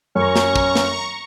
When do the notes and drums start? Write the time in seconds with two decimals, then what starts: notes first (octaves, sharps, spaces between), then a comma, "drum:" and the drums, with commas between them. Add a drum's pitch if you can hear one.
0.16 F#2 C#4 A#5 C#6
0.36 drum: snare
0.56 drum: kick
0.76 drum: snare